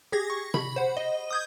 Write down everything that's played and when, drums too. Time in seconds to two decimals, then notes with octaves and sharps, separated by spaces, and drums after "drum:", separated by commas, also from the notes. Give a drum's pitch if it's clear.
0.12 G4 G#4 G#6 A#6
0.30 C#6
0.54 B5, drum: tom C3
0.76 C5 F#5
0.97 D#5
1.31 D#6 G6 G#6